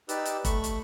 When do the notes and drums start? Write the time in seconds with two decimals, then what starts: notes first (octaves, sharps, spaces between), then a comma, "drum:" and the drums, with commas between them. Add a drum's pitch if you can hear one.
0.09 D#4 G4 B4 D5 E6, drum: hi-hat
0.25 drum: hi-hat
0.45 A3 B5 C#6, drum: kick, hi-hat
0.64 drum: hi-hat